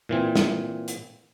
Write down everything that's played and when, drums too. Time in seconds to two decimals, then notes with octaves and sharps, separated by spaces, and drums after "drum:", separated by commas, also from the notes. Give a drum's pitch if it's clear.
0.09 A#2 E3 C4
0.35 drum: snare
0.88 drum: hi-hat